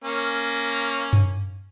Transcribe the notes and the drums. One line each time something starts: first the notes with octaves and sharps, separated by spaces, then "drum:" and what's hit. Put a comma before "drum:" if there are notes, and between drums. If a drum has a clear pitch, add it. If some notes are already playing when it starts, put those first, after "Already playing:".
A#3 C#4
drum: tom F#2